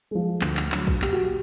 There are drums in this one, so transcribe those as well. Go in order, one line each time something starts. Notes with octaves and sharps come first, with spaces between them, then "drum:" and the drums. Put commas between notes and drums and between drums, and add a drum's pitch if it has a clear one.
F3 G#3
D2, drum: clap
drum: clap
D3 F#3, drum: clap
drum: kick, hi-hat
A#2 G4, drum: clap
F#4
G4